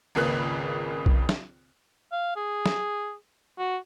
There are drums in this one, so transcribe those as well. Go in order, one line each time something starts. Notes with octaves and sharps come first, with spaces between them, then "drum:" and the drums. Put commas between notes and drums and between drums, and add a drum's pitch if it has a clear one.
G#1 C#2 C#3 A#3 B4 F#6
drum: kick B1
drum: snare
F5
G#4
drum: snare
F#4